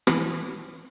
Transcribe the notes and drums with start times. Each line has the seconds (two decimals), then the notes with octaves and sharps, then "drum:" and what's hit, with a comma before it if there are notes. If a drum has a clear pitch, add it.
0.07 E3 E4, drum: rim click